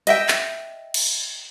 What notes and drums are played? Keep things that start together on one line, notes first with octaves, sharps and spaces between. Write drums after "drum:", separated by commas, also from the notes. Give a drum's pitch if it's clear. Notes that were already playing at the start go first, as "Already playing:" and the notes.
D#5 E5 G5, drum: hi-hat
drum: clap
drum: cymbal